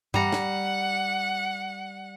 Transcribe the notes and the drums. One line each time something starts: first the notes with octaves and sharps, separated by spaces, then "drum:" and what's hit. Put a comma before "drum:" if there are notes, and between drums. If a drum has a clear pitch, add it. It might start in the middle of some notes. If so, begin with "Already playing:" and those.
G3 F#5 A#5, drum: tom G2
drum: snare